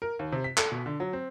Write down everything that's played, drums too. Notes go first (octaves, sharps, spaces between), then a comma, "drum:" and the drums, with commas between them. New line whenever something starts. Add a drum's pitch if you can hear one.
A#4
D#2
C3
B6
A4, drum: clap
B2
D3
F#3
C4